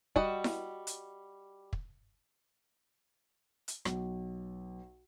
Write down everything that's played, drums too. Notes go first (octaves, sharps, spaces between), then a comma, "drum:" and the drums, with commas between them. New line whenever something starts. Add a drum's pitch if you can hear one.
G3 F#4 D#5, drum: kick
drum: snare E4
drum: hi-hat
drum: kick
drum: hi-hat
B1, drum: rim click